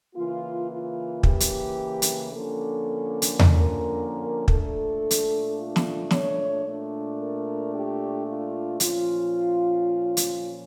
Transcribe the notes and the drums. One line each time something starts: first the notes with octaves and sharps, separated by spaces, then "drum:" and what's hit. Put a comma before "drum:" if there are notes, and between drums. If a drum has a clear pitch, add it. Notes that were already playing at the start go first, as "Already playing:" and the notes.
C#3 E3 A#3 F4
F4
G4, drum: kick
drum: hi-hat
drum: hi-hat
D3 F3 A#3 C#4 A4
drum: hi-hat
A#4, drum: tom E2
A#2 A3 D4 A4, drum: kick
drum: hi-hat
F4
drum: snare
C#5, drum: snare
A#2 A3 D4
A#4
G4
F4
A#2 F3 C#4 F4, drum: hi-hat
drum: hi-hat